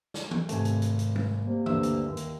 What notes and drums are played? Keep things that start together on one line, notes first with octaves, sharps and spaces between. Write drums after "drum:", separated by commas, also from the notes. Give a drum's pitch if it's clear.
drum: snare
drum: tom E3
G#1 C3 A3 G#5, drum: hi-hat
drum: hi-hat
drum: hi-hat
drum: hi-hat
drum: tom G3
C3 G3 A#3
D2 G2 E5 E6, drum: tom E3
drum: hi-hat
D#2
drum: hi-hat